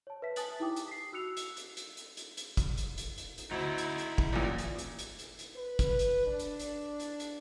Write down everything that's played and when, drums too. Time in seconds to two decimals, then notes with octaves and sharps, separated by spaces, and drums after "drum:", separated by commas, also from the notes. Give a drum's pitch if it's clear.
0.07 C#5 A5
0.22 B4 E5 B6
0.36 G#5 A5 D#6 F#6 A6 F#7, drum: hi-hat
0.60 D#4 E4 G4 G5 D6 D#6
0.76 drum: hi-hat
0.88 B6 C7
1.13 F#4 E6 F#6 C#7 F7
1.37 drum: hi-hat
1.57 drum: hi-hat
1.77 drum: hi-hat
1.97 drum: hi-hat
2.17 drum: hi-hat
2.37 drum: hi-hat
2.57 drum: kick, hi-hat
2.77 drum: hi-hat
2.98 drum: hi-hat
3.18 drum: hi-hat
3.38 drum: hi-hat
3.51 D2 D#4 E4
3.78 drum: hi-hat
3.98 drum: hi-hat
4.18 drum: kick
4.33 A1 A#2
4.58 drum: hi-hat
4.79 drum: hi-hat
4.99 drum: hi-hat
5.19 drum: hi-hat
5.39 drum: hi-hat
5.56 B4
5.79 drum: kick, hi-hat
5.99 drum: hi-hat
6.27 D4
6.39 drum: hi-hat
6.60 drum: hi-hat
7.00 drum: hi-hat
7.20 drum: hi-hat